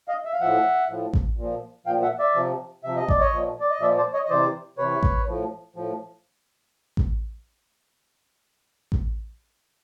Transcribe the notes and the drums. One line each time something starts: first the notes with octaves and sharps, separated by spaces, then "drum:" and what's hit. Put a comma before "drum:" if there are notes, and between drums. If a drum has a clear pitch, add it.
D#5 F5
E5
F5
A2 F3 E5 F#5
A2 F3
drum: kick A1
A#2
F3
A#2 F3 F5 G5
E5 F#5
D5 E5
C3 F3
C3 F3 E5
D#5
D5, drum: kick A1
C#5 D#5
A#2 F3
D5
D#5
A#2 F3 D5 E5
C5 D5
C#5 D#5
D#5
C3 E3 C5 D5
C3 E3 B4 C#5
drum: kick A1
A2 F3
A2 F3
drum: kick A1
drum: kick A1